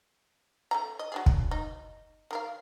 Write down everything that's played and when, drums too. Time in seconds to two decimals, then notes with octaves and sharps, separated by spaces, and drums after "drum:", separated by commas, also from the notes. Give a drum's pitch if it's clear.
0.71 A3 C#4 A#5
0.99 D#5
1.12 F#3 D4 G#4
1.26 drum: kick
1.51 D#4
2.31 D#3 A#4 F5